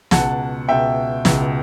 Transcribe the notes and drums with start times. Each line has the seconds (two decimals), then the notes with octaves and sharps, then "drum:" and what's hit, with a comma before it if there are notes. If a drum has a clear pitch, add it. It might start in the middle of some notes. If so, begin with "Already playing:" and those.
0.11 C#2 B2 F#5 A5, drum: snare
0.68 C#2 B2 E5 G5
1.25 C#2 B2, drum: snare